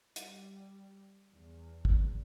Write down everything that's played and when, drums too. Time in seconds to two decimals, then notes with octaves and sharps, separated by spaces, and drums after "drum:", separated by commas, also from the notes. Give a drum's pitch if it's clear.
0.16 G3, drum: hi-hat
1.33 E2
1.85 drum: kick